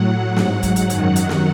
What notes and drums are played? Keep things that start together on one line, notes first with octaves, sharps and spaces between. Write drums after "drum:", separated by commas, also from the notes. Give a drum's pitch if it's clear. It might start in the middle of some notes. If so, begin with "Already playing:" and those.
Already playing: A2 F#3 F#5
G#2 F#3, drum: snare
drum: kick, hi-hat
drum: hi-hat
F#2 D#3 F#3, drum: hi-hat
drum: hi-hat
drum: snare